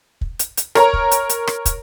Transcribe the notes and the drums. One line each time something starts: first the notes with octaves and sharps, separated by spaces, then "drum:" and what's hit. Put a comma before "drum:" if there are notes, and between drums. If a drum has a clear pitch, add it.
drum: kick
drum: hi-hat
drum: hi-hat
A#4 C#5 A#5, drum: rim click
drum: kick
drum: hi-hat
drum: hi-hat
drum: rim click
drum: kick, hi-hat